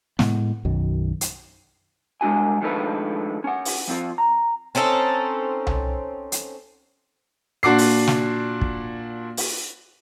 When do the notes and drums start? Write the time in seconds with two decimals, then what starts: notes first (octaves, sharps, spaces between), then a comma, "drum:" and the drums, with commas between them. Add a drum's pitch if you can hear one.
0.19 A2 G#3 B3, drum: snare
0.65 B1 F#2 D#3
1.21 drum: hi-hat
2.21 C2 G#3 D4 F#4 G#5
2.62 D#3 F3 G#3 A3 D4 B4
3.44 C#4 F#5
3.65 drum: open hi-hat
3.88 F3 C4 F4
4.18 A#5
4.75 C4 C#4 D#4 A4
5.67 drum: tom C2
6.32 drum: hi-hat
7.63 A#2 D4 F#4 D6 C7
7.78 drum: open hi-hat
8.07 drum: snare
8.61 drum: kick
9.37 drum: open hi-hat